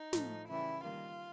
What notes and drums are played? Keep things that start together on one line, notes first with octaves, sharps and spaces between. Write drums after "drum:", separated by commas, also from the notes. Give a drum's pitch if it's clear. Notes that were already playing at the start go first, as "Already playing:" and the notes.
Already playing: D#4
A2 F3 A3, drum: snare
C#3 E3 G3 E4
D#3 G3 A#3 F4